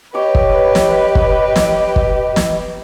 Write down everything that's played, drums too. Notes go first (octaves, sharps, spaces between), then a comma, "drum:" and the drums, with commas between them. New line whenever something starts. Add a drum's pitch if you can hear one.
G4 B4 C#5 D#5 D6
drum: kick
drum: snare
drum: kick
drum: snare
drum: kick
drum: snare